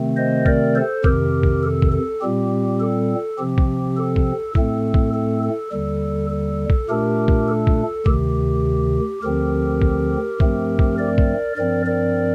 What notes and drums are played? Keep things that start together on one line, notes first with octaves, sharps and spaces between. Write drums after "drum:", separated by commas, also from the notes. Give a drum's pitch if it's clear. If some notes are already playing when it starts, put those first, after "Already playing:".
Already playing: C3 D#3 A3 C4
C5 D#5
A#4 D5, drum: kick
A4 C5
F2 C3 D#3 G4 A#4, drum: kick
drum: kick
A4
drum: kick
A4
A#2 G3 C4 G4
A4
C3 F3 C4 G4
drum: kick
A4
drum: kick
A2 A3 C4 A4, drum: kick
drum: kick
A4
A4
D#2 D3 G3 A4
A4
drum: kick
A#2 A3 D4 G4 A#4
drum: kick
A4
drum: kick
D2 C3 D#3 G4, drum: kick
D2 D3 F3 C4 G4 A#4
drum: kick
G2 F3 A3 C4, drum: kick
drum: kick
A#4 D5
drum: kick
G2 F3 C4 A#4 D5
A#4 D5